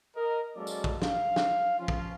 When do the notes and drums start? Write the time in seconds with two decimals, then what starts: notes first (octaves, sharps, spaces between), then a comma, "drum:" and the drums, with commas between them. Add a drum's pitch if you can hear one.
0.16 A#4 D#5
0.55 F#3 G#3 A#3 C#4 A4 D5
0.67 drum: tambourine
0.84 drum: kick
1.02 F5, drum: snare
1.36 drum: snare
1.79 F3 C#4 F4
1.88 drum: kick